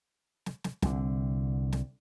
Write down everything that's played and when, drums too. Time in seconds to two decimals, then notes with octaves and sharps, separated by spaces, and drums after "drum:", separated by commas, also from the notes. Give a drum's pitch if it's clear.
0.46 drum: snare
0.64 drum: snare
0.82 C2 D3, drum: snare
1.72 drum: snare